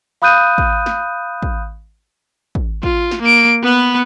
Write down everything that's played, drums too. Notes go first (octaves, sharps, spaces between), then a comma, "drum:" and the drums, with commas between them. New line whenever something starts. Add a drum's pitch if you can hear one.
F5 B5 D#6 F#6 G6 D#7
drum: kick
drum: snare
drum: kick
drum: kick
F4, drum: kick
drum: snare
A#3 D7
B3 B4